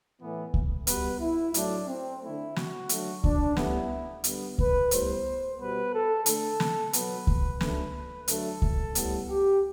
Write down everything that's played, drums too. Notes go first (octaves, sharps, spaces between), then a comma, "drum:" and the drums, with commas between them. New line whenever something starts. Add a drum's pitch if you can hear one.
A2 E3 B3
drum: kick C#2
B2 G3 B3 B4, drum: hi-hat
E4
A2 F#3 A3 D4, drum: hi-hat
C4
D3 A3 E4
F#4, drum: snare
D3 F#3 A3, drum: hi-hat
D4, drum: kick C#2
A2 G3 B3 E4, drum: snare
D3 G3 B3, drum: hi-hat
B4, drum: kick C#2
A2 G3 B3 C5, drum: hi-hat
B2 G3 B3 B4
A4
D3 A3 A4, drum: hi-hat
drum: snare
B2 F#3 B3 B4, drum: hi-hat
drum: kick C#2
D3 F#3 A3 B4, drum: snare
D3 F#3 A3 A4, drum: hi-hat
drum: kick C#2
A2 G3 B3, drum: hi-hat
G4